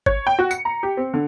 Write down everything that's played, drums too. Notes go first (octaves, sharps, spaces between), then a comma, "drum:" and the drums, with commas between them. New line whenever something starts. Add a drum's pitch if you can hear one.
C#5, drum: kick
G5
F#4
C#7, drum: tambourine
A#5
G4
C4
D3